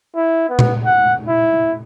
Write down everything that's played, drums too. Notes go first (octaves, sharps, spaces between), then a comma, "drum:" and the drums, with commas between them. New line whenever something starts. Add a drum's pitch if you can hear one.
E4
B3
drum: tom A#2
F#5
E4